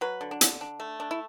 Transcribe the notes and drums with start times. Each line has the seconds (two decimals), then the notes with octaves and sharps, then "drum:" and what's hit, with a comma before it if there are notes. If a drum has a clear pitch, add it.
0.01 F#3 B4
0.21 D3
0.31 D4
0.41 D3, drum: hi-hat
0.61 D4
0.80 A3
1.00 D4
1.11 E4